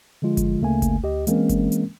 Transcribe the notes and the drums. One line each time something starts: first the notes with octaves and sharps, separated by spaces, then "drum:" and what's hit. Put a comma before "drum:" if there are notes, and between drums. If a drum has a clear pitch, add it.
D3 F3 G#3 F4
drum: kick G1, hi-hat
D2 C#3 A3 A#3 G#5
drum: kick G1, hi-hat
D2 G4 D#5
E3 G#3 A#3 C4 C#4 A#4, drum: hi-hat
drum: kick G1, hi-hat
drum: hi-hat